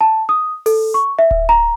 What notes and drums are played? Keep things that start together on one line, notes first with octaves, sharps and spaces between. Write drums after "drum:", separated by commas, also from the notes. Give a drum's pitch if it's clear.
A5
D#6
A4, drum: open hi-hat
C#6
E5
drum: kick D1
A#5